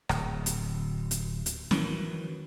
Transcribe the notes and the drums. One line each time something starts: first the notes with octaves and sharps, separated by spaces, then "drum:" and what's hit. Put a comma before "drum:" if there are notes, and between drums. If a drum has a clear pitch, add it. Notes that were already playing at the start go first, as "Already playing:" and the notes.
D1, drum: rim click
drum: hi-hat
drum: hi-hat
drum: hi-hat
D#3 E3 F#3, drum: snare